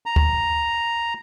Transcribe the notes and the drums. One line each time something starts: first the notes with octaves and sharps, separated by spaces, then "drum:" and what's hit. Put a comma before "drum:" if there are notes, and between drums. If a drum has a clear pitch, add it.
A#5
drum: kick